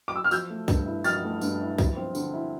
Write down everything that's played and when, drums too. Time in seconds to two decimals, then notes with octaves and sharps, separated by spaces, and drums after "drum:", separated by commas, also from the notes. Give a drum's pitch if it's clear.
0.08 D6
0.16 E6
0.24 F6
0.31 F3 E6 G6, drum: tambourine
0.50 A3
0.68 G2, drum: kick, tambourine
0.86 E4
1.04 F3 F6 A6, drum: tambourine
1.24 A3
1.41 G2, drum: tambourine
1.60 E4
1.78 F3, drum: kick, tambourine
1.97 C4
2.15 D3, drum: tambourine
2.33 E4